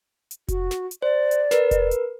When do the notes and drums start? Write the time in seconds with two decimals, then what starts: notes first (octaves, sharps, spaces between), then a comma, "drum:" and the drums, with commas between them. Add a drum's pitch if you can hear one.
0.31 drum: hi-hat
0.48 F#4, drum: kick F1, hi-hat
0.71 drum: snare
0.91 drum: hi-hat
1.02 C5 D5
1.31 drum: hi-hat
1.51 A#4 B4, drum: snare
1.71 drum: kick F1, hi-hat
1.91 drum: hi-hat